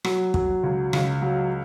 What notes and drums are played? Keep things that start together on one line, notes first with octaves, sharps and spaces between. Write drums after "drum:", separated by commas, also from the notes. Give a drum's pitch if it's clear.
F#3, drum: rim click
F#3, drum: kick
C#2
C#2, drum: rim click
F#3